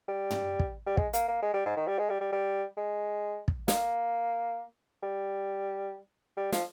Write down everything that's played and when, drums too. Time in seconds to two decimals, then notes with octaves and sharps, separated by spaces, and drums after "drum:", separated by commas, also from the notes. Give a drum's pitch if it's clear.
0.08 G3
0.30 drum: tom
0.59 drum: kick
0.86 G3
0.97 G#3, drum: kick
1.13 A#3, drum: hi-hat
1.28 A#3
1.42 G#3
1.54 G3
1.66 G#2
1.77 D#3
1.87 G3
1.98 G#3
2.10 G3
2.21 G3
2.32 G3
2.77 G#3
3.48 drum: kick
3.68 A#3, drum: snare
5.02 G3
6.37 G3
6.52 F3, drum: snare